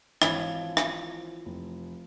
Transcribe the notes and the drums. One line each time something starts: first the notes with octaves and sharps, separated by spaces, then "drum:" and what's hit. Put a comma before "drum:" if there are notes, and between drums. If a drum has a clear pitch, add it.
G#1 E3 F3 C#5, drum: rim click
drum: rim click
F1